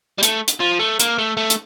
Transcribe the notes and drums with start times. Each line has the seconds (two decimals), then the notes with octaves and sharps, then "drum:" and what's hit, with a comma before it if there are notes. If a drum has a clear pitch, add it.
0.18 G3
0.23 A3, drum: hi-hat
0.48 drum: hi-hat
0.60 F3
0.79 A3
1.00 A#3, drum: hi-hat
1.18 A3
1.37 A3
1.50 drum: hi-hat